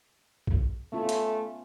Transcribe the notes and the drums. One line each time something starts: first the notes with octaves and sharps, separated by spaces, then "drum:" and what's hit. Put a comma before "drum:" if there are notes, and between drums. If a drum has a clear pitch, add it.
drum: kick
A3 B3 C#4 F4
drum: hi-hat